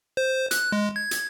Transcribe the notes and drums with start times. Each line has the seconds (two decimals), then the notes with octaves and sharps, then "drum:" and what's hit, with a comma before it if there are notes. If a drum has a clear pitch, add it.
0.17 C5
0.51 F#6, drum: hi-hat
0.72 G#3
0.96 G#6
1.11 drum: hi-hat